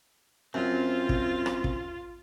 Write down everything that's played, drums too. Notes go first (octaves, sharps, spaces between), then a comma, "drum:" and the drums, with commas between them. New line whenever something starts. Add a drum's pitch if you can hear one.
F#2 C4 F4
drum: kick
drum: rim click
drum: kick